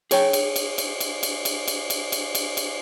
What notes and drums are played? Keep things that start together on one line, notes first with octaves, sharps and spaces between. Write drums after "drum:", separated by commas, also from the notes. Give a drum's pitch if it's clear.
G#4 C#5 G5, drum: cymbal
drum: cymbal
drum: cymbal
drum: cymbal
drum: cymbal
drum: cymbal
drum: cymbal
drum: cymbal
drum: cymbal
drum: cymbal
drum: cymbal
drum: cymbal